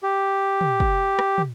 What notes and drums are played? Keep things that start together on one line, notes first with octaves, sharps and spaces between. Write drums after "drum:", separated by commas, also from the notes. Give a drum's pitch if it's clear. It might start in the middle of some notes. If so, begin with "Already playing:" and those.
G4
drum: tom
drum: kick
drum: rim click
drum: tom